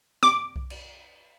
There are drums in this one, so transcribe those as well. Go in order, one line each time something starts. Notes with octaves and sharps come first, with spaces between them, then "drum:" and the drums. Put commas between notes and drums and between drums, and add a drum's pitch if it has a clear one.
D6, drum: snare
drum: kick B1
drum: cymbal